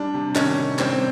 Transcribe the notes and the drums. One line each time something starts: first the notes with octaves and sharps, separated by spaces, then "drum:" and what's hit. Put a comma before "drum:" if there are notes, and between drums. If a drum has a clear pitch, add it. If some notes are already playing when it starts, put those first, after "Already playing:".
Already playing: G3 D4
C3
D#3 C#4, drum: clap
C3
G3 C4, drum: clap